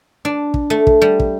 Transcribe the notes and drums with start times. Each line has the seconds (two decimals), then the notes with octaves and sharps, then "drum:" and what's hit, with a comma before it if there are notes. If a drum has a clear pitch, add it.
0.25 D4
0.54 drum: kick
0.70 A3
0.87 drum: kick
1.02 G3
1.20 drum: kick